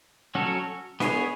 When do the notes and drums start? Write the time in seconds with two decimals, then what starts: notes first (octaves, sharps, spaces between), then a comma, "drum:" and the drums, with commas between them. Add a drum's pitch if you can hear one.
0.35 F#3 C#4 F#4 A4 C#5
1.00 B3 E4 G#4 C#5, drum: snare D4